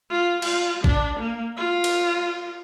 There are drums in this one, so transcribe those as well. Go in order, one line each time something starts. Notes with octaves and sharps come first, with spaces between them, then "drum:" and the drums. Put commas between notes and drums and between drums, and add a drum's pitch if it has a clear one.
F4
F4, drum: cymbal
D4, drum: kick
A#3
F4
drum: cymbal